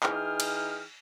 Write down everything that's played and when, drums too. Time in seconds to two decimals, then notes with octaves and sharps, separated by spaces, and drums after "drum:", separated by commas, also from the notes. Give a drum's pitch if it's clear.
0.03 E3 D#4 G#4 G5 F6, drum: clap
0.40 drum: cymbal